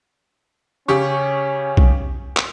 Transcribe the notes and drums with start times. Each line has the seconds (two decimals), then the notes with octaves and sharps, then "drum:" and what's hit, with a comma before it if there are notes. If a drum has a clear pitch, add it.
0.88 C#3 C#4 G4 C#6
1.77 drum: kick B1
2.37 drum: clap